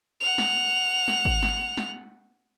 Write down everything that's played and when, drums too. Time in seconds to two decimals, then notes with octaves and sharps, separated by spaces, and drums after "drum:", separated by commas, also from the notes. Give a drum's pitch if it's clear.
0.21 F#5 F7
0.38 drum: snare
1.08 drum: snare
1.25 drum: kick G#1
1.43 drum: snare
1.77 drum: snare